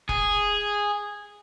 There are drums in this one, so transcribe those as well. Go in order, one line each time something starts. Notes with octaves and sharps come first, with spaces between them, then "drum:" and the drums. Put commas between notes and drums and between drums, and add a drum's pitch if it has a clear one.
G#4, drum: kick E1